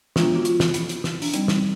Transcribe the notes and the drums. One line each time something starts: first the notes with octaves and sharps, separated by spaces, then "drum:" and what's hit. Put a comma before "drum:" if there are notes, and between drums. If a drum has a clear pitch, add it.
F3 G#3 B3 D4 F4, drum: snare
F#4
F4, drum: hi-hat
drum: snare
E4, drum: hi-hat
drum: hi-hat
drum: snare
D4, drum: open hi-hat
G3 C4 D#4, drum: hi-hat
drum: snare